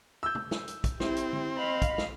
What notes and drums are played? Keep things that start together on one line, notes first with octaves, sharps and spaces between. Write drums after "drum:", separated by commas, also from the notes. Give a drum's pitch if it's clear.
E6 G6
drum: tom
drum: snare
drum: hi-hat
drum: kick, hi-hat
C4 E4 G4, drum: snare
drum: hi-hat
drum: tom D3
D#5 F5 B5
drum: kick, hi-hat
drum: snare